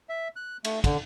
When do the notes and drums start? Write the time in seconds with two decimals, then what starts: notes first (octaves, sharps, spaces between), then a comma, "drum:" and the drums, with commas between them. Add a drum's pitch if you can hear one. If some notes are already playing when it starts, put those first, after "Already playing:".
0.09 E5
0.36 F#6
0.65 A3, drum: cymbal
0.84 D3, drum: kick, cymbal